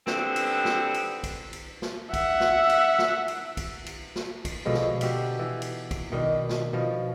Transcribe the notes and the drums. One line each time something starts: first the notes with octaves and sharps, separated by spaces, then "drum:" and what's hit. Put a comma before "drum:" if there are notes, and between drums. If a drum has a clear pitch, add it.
D3 G3 B3 C4, drum: snare
drum: cymbal
drum: snare
drum: cymbal
drum: kick, cymbal
drum: cymbal
drum: snare
E5 F#5, drum: kick, cymbal
drum: snare
drum: cymbal
drum: snare
drum: cymbal
drum: kick, cymbal
drum: cymbal
drum: snare
drum: kick, cymbal
B2 D3 F3 G#3
drum: snare
F#4 G4 E5 F5, drum: cymbal
E3
drum: cymbal
drum: kick, cymbal
B2 D#3 D4
drum: snare
B2 F3